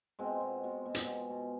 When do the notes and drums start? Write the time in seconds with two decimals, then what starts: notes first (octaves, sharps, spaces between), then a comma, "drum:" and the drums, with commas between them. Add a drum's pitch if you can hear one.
0.19 B2 G#3 C4
0.41 B2
0.64 B2
0.85 B2
0.95 drum: hi-hat
1.08 B2
1.30 B2